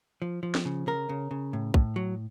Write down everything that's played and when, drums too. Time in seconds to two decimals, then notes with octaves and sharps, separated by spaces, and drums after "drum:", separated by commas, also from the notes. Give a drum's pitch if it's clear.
0.22 F3
0.43 F3
0.55 drum: snare
0.65 C#3
0.87 C#3 A#4
1.09 C#3
1.31 C#3
1.53 A2
1.74 A2, drum: kick
1.96 F#3